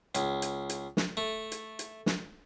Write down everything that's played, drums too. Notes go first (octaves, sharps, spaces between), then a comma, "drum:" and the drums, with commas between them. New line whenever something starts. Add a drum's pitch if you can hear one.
C#2, drum: hi-hat
drum: hi-hat
drum: hi-hat
drum: snare
A3
drum: hi-hat
drum: hi-hat
drum: snare